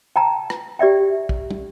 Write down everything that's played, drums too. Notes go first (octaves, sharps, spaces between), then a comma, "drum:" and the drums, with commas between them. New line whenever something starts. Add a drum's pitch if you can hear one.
G5 A5 A#5
drum: rim click
G4 D5 E5 G5
drum: kick
drum: tom